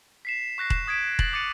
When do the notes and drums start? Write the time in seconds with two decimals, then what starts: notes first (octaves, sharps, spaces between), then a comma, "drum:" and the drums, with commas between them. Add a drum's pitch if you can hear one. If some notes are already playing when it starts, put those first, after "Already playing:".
0.25 B6 C7 E7
0.58 C#6 F#6 A#6 C7
0.70 E7, drum: kick E1
0.87 D#6 G#6 B6 D7 E7
1.19 A6 A#6 F#7, drum: kick E1
1.33 D6 F#6 A6 C#7 D#7